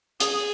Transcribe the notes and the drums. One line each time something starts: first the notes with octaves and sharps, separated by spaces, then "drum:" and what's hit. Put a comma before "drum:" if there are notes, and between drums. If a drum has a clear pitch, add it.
G#4, drum: hi-hat